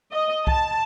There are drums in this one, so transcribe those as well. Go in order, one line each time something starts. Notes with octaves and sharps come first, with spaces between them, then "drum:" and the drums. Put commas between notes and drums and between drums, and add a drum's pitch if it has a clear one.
D#5
A5, drum: kick C2